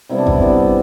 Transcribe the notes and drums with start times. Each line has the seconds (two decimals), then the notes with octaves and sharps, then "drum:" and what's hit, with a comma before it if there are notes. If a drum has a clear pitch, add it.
0.09 C3 G3 B3 E4
0.18 D4
0.27 E4, drum: kick G#1
0.41 C3 G3 B3